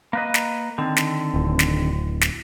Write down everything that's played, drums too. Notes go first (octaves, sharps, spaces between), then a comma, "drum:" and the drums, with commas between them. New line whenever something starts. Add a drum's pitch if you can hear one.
A#3 B4 D#5
drum: snare
D3 D#3 C4
drum: snare
D1
drum: snare
drum: snare